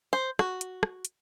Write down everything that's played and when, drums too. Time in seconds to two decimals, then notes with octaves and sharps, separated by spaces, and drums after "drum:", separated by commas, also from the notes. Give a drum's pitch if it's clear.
0.13 C5
0.39 F#4, drum: rim click
0.61 drum: hi-hat
0.83 drum: rim click
1.05 drum: hi-hat